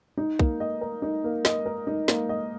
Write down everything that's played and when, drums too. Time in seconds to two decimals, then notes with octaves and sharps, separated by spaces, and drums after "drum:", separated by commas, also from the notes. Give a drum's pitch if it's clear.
0.17 D#4
0.39 A#3, drum: kick B1
0.60 D#5
0.81 A#4
1.02 D#4
1.24 A#3
1.45 D#5, drum: snare
1.66 A#4
1.87 D#4
2.08 A#3, drum: snare
2.29 D#5